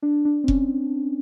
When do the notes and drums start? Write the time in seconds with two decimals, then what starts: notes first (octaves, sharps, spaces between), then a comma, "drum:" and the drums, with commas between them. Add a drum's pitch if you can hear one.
0.02 D4
0.25 D4
0.44 C4
0.48 C#4, drum: kick F1